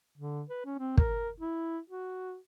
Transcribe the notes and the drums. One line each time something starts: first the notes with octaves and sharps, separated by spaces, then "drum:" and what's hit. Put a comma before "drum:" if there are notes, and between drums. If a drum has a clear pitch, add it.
D3
B4
C#4
C4
A#4, drum: kick
E4
F#4